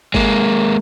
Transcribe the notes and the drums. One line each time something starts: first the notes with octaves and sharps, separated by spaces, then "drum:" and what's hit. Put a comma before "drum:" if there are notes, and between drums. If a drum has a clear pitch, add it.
G#3 A#3, drum: kick G1